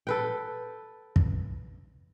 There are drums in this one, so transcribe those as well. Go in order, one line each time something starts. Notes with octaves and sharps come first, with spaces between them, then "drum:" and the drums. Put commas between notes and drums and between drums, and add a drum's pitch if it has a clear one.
A4 B4 G5
drum: kick